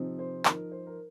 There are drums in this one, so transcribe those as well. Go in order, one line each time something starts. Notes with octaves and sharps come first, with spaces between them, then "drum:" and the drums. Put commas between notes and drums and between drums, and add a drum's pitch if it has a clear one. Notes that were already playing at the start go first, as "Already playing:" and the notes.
Already playing: C3 F3 C4 D#4
C5
F3 D#4 A#4, drum: clap
C5
A#4